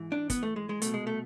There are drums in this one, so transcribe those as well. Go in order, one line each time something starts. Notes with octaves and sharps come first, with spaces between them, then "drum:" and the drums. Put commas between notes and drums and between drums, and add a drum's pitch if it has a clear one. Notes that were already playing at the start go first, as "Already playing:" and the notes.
Already playing: G#2 E3
D4
B3, drum: kick, hi-hat
A3
G#3
G#3
C2 B2 A3, drum: hi-hat
G#3
A3